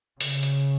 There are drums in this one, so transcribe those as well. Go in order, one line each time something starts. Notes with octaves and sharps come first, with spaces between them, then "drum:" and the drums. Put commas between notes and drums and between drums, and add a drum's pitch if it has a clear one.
C#3, drum: open hi-hat
drum: hi-hat